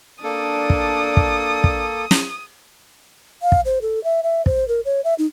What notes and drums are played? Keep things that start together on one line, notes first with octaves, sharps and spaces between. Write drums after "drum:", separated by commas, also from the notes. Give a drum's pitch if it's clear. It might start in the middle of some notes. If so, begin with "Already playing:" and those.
A#3 D4 A4 D5 D#6
drum: kick
drum: kick
drum: kick
drum: snare
F5
drum: kick
C5
A4
E5
E5
C5, drum: kick
A#4
C#5
E5
D#4